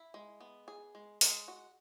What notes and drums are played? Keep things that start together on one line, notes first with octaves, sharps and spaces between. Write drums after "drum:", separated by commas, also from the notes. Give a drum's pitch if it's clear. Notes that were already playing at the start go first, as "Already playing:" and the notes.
Already playing: E4
G#3
B3
G#4
G#3
G#3, drum: open hi-hat
F#4